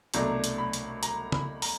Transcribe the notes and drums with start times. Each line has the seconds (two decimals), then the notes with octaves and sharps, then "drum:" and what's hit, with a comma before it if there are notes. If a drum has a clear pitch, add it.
0.14 C2 B2 F#3 A3 D4 A#5, drum: hi-hat
0.44 drum: hi-hat
0.58 B5
0.73 drum: hi-hat
1.03 A#5, drum: hi-hat
1.32 B5, drum: tom
1.62 A#5, drum: open hi-hat